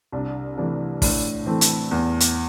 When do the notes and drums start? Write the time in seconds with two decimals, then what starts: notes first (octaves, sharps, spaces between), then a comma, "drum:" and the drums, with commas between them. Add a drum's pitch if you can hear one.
0.12 C2 D4
0.57 C3 E3 A3 D4
1.02 A2 D4, drum: kick, open hi-hat
1.46 E3 A3 C4
1.61 drum: hi-hat
1.91 E2
2.20 drum: hi-hat